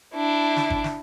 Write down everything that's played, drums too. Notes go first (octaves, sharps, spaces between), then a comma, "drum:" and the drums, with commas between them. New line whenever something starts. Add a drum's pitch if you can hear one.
D4 E4
drum: snare
drum: kick G1
drum: snare